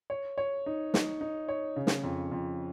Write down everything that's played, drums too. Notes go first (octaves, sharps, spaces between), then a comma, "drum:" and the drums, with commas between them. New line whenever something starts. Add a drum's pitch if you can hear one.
C#5
C#5
D#4
D#4, drum: snare
D#4
C#5
C#3
drum: snare
F2
F2